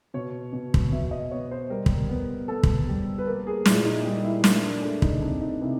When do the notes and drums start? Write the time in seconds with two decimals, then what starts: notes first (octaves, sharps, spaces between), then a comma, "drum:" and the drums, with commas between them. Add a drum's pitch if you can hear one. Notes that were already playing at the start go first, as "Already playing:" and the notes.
0.14 B2 C#5
0.53 B2
0.74 drum: kick
0.92 B2 E5
1.11 D#5
1.31 B3 C#5
1.51 C5
1.70 G3 A#4
1.86 drum: kick
2.09 B3
2.48 B3 A4
2.63 drum: kick
2.88 G3
3.18 B4
3.27 A#3 A#4
3.47 G#4
3.66 A#2 E4, drum: snare
3.85 D#4
4.05 G3 D#4
4.24 E4
4.44 A#3 D4, drum: snare
4.63 D4
4.82 A3 D4
5.02 D#4, drum: kick
5.22 C3 D4
5.41 D#4
5.61 C3 E4